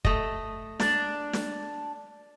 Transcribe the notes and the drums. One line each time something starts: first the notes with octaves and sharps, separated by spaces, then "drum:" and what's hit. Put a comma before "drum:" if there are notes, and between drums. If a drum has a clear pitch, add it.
A3 D#5, drum: kick
D4, drum: snare
drum: snare